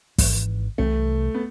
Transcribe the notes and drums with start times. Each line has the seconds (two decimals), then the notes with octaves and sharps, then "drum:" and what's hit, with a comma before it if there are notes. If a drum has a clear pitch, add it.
0.18 G#1 G#2 E3, drum: kick, open hi-hat
0.78 C2 C3 E3 A3
1.35 B3